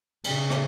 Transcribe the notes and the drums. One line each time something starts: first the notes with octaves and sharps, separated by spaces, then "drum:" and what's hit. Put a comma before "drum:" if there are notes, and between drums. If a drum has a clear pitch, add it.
C#3, drum: cymbal
drum: rim click